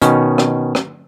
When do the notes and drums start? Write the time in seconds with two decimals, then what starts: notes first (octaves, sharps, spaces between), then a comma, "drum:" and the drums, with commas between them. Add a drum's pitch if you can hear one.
0.02 B2 D#3 C#4, drum: hi-hat
0.38 drum: rim click
0.75 drum: rim click